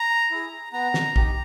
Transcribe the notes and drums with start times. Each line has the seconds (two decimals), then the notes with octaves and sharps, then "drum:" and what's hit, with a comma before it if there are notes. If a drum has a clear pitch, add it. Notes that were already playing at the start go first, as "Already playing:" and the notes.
Already playing: A#5
0.31 E4 G#4
0.73 B3 A#5
0.94 drum: snare
1.16 D#4 G4, drum: kick